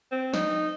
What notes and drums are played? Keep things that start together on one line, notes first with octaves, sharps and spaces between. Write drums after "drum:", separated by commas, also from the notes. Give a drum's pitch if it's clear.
C4
D#4, drum: snare